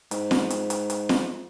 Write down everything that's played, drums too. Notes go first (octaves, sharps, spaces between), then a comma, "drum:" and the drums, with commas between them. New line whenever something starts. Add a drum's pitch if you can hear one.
G#2, drum: hi-hat
drum: snare
drum: hi-hat
drum: hi-hat
drum: hi-hat
drum: snare